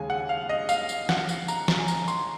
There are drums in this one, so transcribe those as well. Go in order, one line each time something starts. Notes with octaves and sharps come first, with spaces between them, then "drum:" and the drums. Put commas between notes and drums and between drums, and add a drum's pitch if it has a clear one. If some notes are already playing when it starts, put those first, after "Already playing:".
Already playing: D#2 C#3 G#3 G#5
F#5
F5
D#5
F5, drum: tambourine
drum: tambourine
F#5, drum: snare
drum: tambourine
A#5, drum: tambourine
A#5, drum: snare
G#5
A#5, drum: tambourine
C6, drum: tambourine